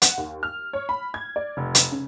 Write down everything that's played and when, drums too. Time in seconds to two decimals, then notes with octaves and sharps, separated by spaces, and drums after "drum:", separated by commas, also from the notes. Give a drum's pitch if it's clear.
0.02 F#5, drum: hi-hat
0.18 D#2
0.43 F6
0.73 C#5
0.89 B5
1.14 G#6
1.36 D5
1.57 F1
1.75 drum: hi-hat
1.91 C#3